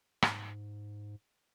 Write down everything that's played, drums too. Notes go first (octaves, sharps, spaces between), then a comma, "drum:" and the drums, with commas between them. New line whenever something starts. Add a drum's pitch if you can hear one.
G#2, drum: rim click